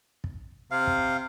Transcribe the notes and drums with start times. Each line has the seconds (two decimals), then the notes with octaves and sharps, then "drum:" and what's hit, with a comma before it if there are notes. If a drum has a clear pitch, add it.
0.24 drum: kick
0.71 C3 F5
0.87 drum: kick